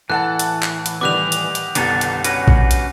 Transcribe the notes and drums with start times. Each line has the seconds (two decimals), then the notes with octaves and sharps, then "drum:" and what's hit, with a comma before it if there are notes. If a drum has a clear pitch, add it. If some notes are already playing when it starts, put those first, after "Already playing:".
0.10 A2 E3 A4 F#5 A5 F#6
0.39 drum: hi-hat
0.63 drum: clap
0.86 drum: hi-hat
1.01 D#3 G3 B3 D6 F#6 F7
1.32 drum: hi-hat
1.55 drum: hi-hat
1.75 G1 C2 D#3 B3 A4, drum: hi-hat
2.01 drum: hi-hat
2.24 C#4 F#4 B4, drum: hi-hat
2.48 drum: kick A#1
2.71 drum: hi-hat